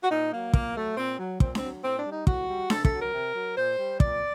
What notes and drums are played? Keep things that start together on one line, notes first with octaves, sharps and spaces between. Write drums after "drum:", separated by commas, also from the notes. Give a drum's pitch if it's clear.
F#4
A#2 D#4
F#3 A#3
A#2 A#3, drum: kick
F#3 A3
A#2 C4
F#3
A#2 C4, drum: kick
C4, drum: snare D4
F#3
A2 C4
D4
G3
D#4
A2 F#4, drum: kick
G3
C3 A4, drum: snare D4
A4, drum: kick
F#3
A#4
C3
F#3
A#2 C5
G3
A#2 D5, drum: kick